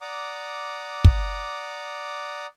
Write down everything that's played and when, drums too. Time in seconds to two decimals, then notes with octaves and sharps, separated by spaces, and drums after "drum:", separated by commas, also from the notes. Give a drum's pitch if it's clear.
0.01 D5 F#5 A#5 D6 D#6
1.04 drum: kick